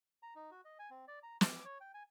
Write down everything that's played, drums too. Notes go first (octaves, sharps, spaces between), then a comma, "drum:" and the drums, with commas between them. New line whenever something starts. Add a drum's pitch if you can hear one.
A#5
D#4
F#4
D#5
G#5
C4
D5
A#5
D6, drum: snare
C#5
G5
G#5